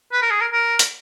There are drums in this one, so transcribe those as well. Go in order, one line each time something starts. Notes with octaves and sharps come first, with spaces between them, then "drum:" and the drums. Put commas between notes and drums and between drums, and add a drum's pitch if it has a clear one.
B4
A#4
G#4
A#4
A#4
drum: hi-hat